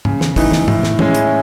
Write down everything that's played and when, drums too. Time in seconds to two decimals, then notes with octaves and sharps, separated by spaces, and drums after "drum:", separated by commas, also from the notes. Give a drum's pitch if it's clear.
0.05 C#3, drum: tom G#2
0.21 drum: snare
0.36 E3 A3 D#4, drum: kick, open hi-hat
0.52 drum: snare
0.68 A2, drum: tom G#2
0.83 drum: snare
0.99 G#3 C#4 E4, drum: tom E3
1.14 drum: hi-hat